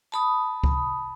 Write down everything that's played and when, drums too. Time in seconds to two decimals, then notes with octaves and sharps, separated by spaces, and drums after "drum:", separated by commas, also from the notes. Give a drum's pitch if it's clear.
0.12 A5 B5 D#6
0.64 drum: kick C#2